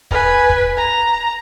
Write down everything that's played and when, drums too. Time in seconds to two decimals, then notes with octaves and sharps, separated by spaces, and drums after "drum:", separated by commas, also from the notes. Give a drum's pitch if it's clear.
0.11 B4 G#5, drum: kick
0.50 drum: kick
0.77 A#5